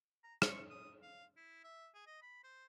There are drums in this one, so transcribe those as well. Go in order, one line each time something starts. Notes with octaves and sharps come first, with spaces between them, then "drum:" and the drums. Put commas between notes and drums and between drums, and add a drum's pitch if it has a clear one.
A#5
C#6, drum: rim click
D#6
F5
E4
E5
G#4
D#5
B5
C5